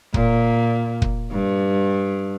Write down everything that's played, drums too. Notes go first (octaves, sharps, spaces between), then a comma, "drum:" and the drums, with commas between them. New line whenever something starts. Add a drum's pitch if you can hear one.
A#2, drum: kick
drum: kick
G2